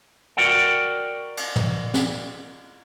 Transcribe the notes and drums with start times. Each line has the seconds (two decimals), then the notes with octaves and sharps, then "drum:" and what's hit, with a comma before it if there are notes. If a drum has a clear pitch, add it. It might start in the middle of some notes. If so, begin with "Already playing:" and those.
0.37 F#4 A#4 D5 F#5 G5
1.37 drum: cymbal
1.56 drum: tom
1.94 drum: snare